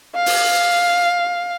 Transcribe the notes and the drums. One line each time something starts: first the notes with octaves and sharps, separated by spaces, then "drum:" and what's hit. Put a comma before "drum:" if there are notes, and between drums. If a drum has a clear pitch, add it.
F5
drum: open hi-hat